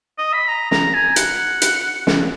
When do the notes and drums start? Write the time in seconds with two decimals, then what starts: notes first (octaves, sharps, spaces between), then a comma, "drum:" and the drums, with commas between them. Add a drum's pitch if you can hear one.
0.18 D#5
0.34 B5
0.48 A#5
0.71 A#5, drum: snare
0.94 G#5
1.16 F#5, drum: hi-hat
1.62 drum: hi-hat
2.07 drum: snare